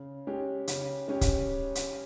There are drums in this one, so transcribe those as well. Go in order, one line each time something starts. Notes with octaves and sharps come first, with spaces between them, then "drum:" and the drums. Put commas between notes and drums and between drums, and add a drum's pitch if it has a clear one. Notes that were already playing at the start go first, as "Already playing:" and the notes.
Already playing: C#3
G#3 C#4 G4
C#3, drum: hi-hat
G#3 C#4 G4
drum: kick, hi-hat
drum: hi-hat